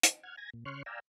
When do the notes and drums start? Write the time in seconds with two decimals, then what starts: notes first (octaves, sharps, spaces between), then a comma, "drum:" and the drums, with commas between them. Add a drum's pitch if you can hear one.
0.03 drum: hi-hat
0.23 F#5 F6 G#6
0.37 G#5 G#6 A#6
0.54 A#2
0.65 C#3 C#5 C6 C#6 F6 F#6
0.86 D5 F5 G5 G#5 A#5 E6